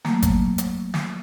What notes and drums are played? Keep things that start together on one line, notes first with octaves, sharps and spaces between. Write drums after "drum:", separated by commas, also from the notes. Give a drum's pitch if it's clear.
F#3 A3 A#3, drum: snare
drum: kick, hi-hat
drum: hi-hat
drum: snare